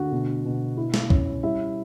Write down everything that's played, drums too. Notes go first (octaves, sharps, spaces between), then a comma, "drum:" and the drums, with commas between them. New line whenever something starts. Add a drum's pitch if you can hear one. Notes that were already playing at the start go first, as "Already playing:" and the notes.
Already playing: D2 D3 F#4 F#5
B2
B2
E4
drum: snare
C#4, drum: kick C2
G3 E4 E5